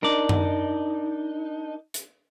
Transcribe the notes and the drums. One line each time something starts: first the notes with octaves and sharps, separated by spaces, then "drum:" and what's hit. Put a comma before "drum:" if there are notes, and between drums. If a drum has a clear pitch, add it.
D4 D#4 A#4 D5
drum: tom F#2
drum: hi-hat